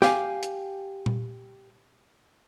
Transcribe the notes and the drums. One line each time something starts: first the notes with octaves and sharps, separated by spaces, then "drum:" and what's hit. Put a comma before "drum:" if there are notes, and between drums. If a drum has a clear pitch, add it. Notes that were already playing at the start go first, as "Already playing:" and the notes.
G4 F5 G#5, drum: snare
drum: hi-hat
drum: tom A#2